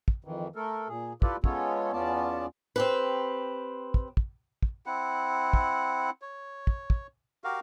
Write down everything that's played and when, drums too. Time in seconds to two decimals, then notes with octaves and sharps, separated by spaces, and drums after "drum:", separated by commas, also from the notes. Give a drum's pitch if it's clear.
0.08 drum: kick
0.24 F2 D#3 E3
0.56 A3 A4 A#4
0.88 A#2 G#4
1.22 E4 F4 G4 A4 B4 D5, drum: kick
1.44 G#3 B3 C#4 F4 A4 C#5, drum: kick
1.93 E2 B3 C#4 F4 D5 A5
2.76 C4 G4 B4
3.94 drum: kick
4.17 drum: kick
4.63 drum: kick
4.86 C4 E4 F#5
5.53 drum: kick
6.22 C#5
6.67 drum: kick
6.90 drum: kick
7.44 F#4 G4 A#4 F5